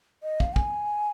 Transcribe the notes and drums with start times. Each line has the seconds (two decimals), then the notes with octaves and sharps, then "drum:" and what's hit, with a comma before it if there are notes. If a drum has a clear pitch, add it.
0.23 D#5
0.40 F5, drum: kick
0.56 G#5, drum: kick